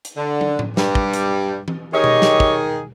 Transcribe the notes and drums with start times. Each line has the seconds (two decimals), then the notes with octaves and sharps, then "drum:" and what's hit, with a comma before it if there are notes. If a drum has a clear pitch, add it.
0.05 drum: hi-hat
0.17 D3
0.41 drum: tom
0.59 drum: tom A2
0.77 G2 G3, drum: snare
0.95 drum: kick
1.13 drum: hi-hat
1.68 drum: tom E3
1.93 D#3 G4 G#4 C#5 D#5
2.04 drum: tom B2
2.22 drum: snare
2.40 drum: kick